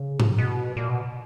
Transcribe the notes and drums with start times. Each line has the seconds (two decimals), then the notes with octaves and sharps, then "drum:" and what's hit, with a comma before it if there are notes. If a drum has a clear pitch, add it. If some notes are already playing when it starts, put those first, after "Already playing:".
Already playing: C#3
0.20 drum: tom G#2
0.38 B2
0.77 A#2
0.90 B2